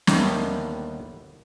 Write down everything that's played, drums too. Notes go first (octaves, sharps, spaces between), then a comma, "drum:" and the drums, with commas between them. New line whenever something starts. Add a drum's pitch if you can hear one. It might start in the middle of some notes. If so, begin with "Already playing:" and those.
D#2 D3 D#3 G3 A3 B3, drum: snare